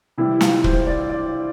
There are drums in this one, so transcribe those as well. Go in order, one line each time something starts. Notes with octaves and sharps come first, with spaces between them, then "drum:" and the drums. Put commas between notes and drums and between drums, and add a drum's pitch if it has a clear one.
C3 E3 G3 E4
F4, drum: snare
C5, drum: kick
D5
D5